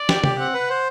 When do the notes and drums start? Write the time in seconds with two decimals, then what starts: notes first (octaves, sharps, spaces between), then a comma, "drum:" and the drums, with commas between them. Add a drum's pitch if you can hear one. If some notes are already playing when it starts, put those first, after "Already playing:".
Already playing: D5
0.09 G4, drum: snare
0.24 G4, drum: tom C3
0.39 C4 F#5
0.54 B4
0.70 C5